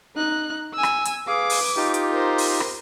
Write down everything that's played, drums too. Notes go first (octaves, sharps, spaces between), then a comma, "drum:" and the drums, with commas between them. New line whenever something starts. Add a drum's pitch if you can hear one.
D#4 F#6
G#5 E6
drum: rim click
drum: hi-hat
G#4 B4 F5 D6
drum: open hi-hat
D#4 F4 G4
drum: hi-hat
A#4 C5
drum: open hi-hat
drum: rim click